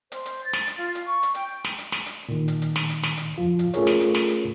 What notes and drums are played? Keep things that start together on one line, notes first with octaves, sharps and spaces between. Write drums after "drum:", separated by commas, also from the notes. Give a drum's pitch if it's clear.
C5, drum: hi-hat
drum: hi-hat
A6
drum: snare
drum: hi-hat
F4
drum: hi-hat
C#6
drum: hi-hat
G5, drum: hi-hat
drum: snare
drum: hi-hat
drum: snare
drum: hi-hat
A#2 D#3
drum: hi-hat
drum: hi-hat
drum: snare
drum: hi-hat
drum: snare
drum: hi-hat
F2 F3 F4
drum: hi-hat
A3 C#4 F4 G#4 A#4 C#5, drum: hi-hat
drum: snare
drum: hi-hat
drum: snare
drum: hi-hat